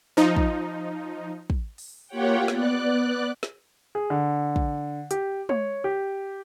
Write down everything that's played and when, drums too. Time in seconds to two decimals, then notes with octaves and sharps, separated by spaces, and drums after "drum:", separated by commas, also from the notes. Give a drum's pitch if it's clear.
0.17 F3 D#4
0.36 drum: kick
1.50 drum: kick
1.78 drum: open hi-hat
2.07 A#3 F4 G4 C#5 F#5 G5
2.48 B3 D5 F#6, drum: snare
3.43 drum: snare
3.95 G#4
4.10 D3
4.56 drum: kick
5.11 G4, drum: hi-hat
5.49 C#5, drum: tom G#3
5.84 G4